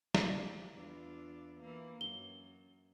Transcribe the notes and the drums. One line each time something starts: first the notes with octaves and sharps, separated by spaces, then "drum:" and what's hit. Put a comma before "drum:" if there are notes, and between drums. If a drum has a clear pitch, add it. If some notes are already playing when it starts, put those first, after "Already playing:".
G4, drum: snare
E2 D4 F4
E3 A#3
F#2 G7